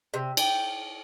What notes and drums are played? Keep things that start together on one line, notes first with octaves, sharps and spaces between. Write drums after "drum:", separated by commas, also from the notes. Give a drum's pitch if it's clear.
C3
G5, drum: cymbal